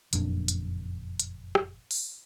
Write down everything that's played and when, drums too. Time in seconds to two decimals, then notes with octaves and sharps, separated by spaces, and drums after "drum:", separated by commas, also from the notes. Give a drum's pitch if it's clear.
0.13 F#1 F2 A#2 D4, drum: hi-hat
0.48 drum: hi-hat
1.20 drum: hi-hat
1.55 drum: rim click
1.91 drum: open hi-hat